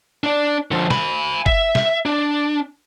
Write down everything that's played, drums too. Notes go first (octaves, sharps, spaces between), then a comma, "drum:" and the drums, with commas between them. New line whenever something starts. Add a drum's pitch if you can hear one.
D4 D5
D3 F3
G#5 B5, drum: snare
E5, drum: kick G1
drum: snare
D4